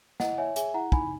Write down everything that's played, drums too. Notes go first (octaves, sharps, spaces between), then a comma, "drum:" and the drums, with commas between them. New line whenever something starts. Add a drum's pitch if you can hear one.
E4 D#5 F#5, drum: snare
C#5 E5 G#5
G#4 E5 G#5, drum: hi-hat
E4 F#5 A#5
D#4 G#5 B5, drum: kick